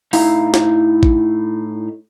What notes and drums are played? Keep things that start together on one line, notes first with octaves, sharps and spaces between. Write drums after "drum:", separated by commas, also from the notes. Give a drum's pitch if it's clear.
A2 D#4 E4 E5 F5 A#5, drum: open hi-hat
drum: snare
drum: kick A1